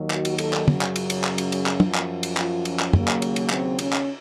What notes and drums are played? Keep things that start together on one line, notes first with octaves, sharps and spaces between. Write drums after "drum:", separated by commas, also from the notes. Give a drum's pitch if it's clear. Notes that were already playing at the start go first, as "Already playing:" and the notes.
Already playing: D#2 D#3 F#3
F#4, drum: clap
drum: cymbal
A4, drum: cymbal
drum: clap
F#2 C#3 F#3, drum: tom
drum: clap
drum: cymbal
drum: cymbal
drum: clap
drum: cymbal
drum: cymbal
drum: clap
F#2 F3, drum: tom
drum: clap
drum: cymbal
F4, drum: clap
C#4, drum: cymbal
drum: clap
D#2 C#3 F#3 A#3, drum: tom
drum: clap
drum: cymbal
drum: cymbal
C4, drum: clap
C#4, drum: cymbal
drum: clap